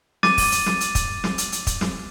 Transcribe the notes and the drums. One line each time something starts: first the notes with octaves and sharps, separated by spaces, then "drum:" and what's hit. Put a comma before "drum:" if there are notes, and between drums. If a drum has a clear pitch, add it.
D6 A6 D#7, drum: snare
drum: kick, open hi-hat
drum: hi-hat
drum: snare
drum: hi-hat
drum: kick, hi-hat
drum: snare
drum: hi-hat
drum: hi-hat
drum: kick, hi-hat
drum: snare